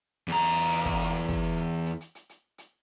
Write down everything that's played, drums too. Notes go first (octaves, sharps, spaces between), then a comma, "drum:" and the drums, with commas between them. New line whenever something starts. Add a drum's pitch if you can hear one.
E2 A#5
drum: hi-hat
drum: hi-hat
drum: hi-hat
drum: kick, hi-hat
drum: open hi-hat
drum: hi-hat
drum: kick, hi-hat
drum: hi-hat
drum: hi-hat
drum: hi-hat
drum: hi-hat
drum: hi-hat
drum: hi-hat
drum: hi-hat